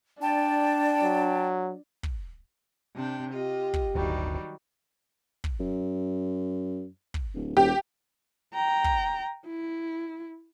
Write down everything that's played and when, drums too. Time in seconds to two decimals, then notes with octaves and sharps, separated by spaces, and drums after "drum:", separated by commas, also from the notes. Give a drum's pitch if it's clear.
0.22 D4 D5 G5 A5
1.02 F#3
2.03 drum: kick
2.97 C3 D4 G5
3.33 F4 G4 D#5
3.74 drum: kick
3.95 D1 G1 D2 D#3 F#3 G3
5.44 drum: kick
5.60 F#2
7.14 drum: kick
7.34 D1
7.57 E1 G4
8.54 G5 A#5
8.84 drum: kick
9.47 E4